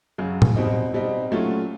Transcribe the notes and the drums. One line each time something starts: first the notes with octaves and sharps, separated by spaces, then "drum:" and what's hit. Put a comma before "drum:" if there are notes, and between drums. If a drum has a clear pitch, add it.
F#2 C#3 F#3
drum: tom A2
B2 G3 C4 D#4
B2 G3 C4 D#4
A#2 F#3 A3 C#4 F4